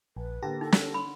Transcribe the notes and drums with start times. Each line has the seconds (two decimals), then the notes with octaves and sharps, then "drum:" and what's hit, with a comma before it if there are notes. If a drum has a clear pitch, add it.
0.17 A#1 B4
0.43 D3 A#3 G4 A5 A#6
0.61 D#4 A4
0.72 drum: snare
0.94 B5 C6